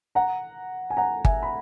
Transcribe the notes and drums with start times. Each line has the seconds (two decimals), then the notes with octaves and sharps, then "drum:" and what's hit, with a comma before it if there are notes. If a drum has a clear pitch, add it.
0.15 F#5 A#5
0.90 G#5
0.97 F#5 A#5
1.25 E5 G#5, drum: kick G1
1.43 B5